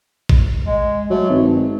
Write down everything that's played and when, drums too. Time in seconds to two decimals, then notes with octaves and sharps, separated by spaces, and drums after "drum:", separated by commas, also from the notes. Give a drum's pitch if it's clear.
0.29 drum: kick
0.66 G#3
1.10 F#3 A3
1.30 G#1 G2